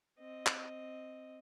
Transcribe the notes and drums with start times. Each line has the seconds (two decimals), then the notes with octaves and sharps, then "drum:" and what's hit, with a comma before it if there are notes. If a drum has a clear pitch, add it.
0.19 C4 D#5
0.46 drum: clap